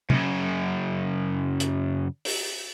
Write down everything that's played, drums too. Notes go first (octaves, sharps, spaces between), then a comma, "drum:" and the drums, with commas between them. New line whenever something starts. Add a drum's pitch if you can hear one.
F#2 C#3, drum: tom
drum: hi-hat
drum: open hi-hat